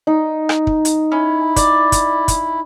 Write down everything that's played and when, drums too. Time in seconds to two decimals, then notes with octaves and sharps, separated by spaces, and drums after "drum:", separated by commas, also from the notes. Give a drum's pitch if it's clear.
0.07 D#4
0.49 drum: rim click
0.67 drum: kick
0.85 drum: hi-hat
1.12 C#4 E4
1.56 D5, drum: kick, hi-hat
1.92 drum: kick, hi-hat
2.28 drum: kick, hi-hat